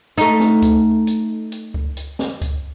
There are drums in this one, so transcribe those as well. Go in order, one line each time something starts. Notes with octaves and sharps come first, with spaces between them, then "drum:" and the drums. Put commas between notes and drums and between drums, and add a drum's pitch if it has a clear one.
A3 D#4, drum: hi-hat
drum: snare
drum: kick C#2, hi-hat
drum: hi-hat
drum: hi-hat
drum: kick C#2
drum: hi-hat
drum: snare
drum: kick C#2, hi-hat